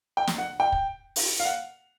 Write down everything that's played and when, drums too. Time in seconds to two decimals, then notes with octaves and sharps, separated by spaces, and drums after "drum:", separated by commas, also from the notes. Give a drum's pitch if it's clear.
0.17 G5
0.27 drum: snare
0.38 F#5
0.60 G5
0.72 drum: kick
1.16 drum: open hi-hat
1.40 F5
1.45 F#5